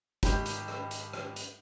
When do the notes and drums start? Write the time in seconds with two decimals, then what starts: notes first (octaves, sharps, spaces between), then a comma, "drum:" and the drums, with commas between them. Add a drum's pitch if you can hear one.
0.23 G#1 D#4 G4 B5 G6, drum: kick, hi-hat
0.45 drum: hi-hat
0.68 drum: rim click
0.91 drum: hi-hat
1.13 drum: rim click
1.36 drum: hi-hat